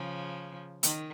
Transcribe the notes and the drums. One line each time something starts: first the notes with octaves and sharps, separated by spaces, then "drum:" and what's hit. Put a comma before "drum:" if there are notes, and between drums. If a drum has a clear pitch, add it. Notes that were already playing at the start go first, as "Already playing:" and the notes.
Already playing: C#3 F3
D#3, drum: hi-hat